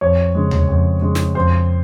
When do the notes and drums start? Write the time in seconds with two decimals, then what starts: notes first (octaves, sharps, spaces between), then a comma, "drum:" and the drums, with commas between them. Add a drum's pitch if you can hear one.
0.01 F2 C#5
0.35 C#3 G#3
0.51 drum: tom D#2
0.69 F2
1.02 C#3 G#3
1.15 drum: snare
1.35 F2 C5